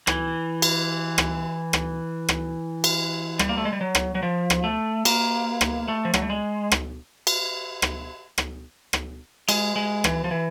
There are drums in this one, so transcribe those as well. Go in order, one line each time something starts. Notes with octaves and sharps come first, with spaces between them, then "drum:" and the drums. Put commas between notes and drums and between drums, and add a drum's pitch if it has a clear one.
E3, drum: rim click
drum: cymbal
drum: rim click
drum: rim click
drum: rim click
drum: cymbal
G3, drum: rim click
A#3
A3
G#3
G3
F#3
drum: rim click
F#3
F3
drum: rim click
A3
A#3, drum: cymbal
drum: rim click
A3
F3
F#3, drum: rim click
G3
G#3
drum: rim click
drum: cymbal
drum: rim click
drum: rim click
drum: rim click
G#3, drum: cymbal
G#3
E3, drum: rim click
F3
E3